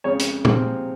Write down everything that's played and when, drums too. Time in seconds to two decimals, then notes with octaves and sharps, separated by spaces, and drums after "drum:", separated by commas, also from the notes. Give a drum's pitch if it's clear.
0.04 F2 C#3 G#3 C#4 C#5
0.19 drum: hi-hat
0.45 C3 F3 G#3 C4, drum: tom